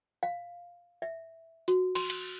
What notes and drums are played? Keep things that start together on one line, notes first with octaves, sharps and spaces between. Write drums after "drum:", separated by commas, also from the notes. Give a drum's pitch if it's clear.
F5
E5
F#4, drum: hi-hat
C6, drum: cymbal
drum: cymbal